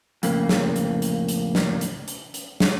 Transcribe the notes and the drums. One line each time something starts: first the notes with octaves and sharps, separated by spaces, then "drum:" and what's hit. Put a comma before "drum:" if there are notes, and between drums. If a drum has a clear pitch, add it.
F2 A2 C#3 A#3, drum: hi-hat
drum: snare
drum: hi-hat
drum: hi-hat
drum: hi-hat
drum: snare
drum: hi-hat
drum: hi-hat
drum: hi-hat
drum: snare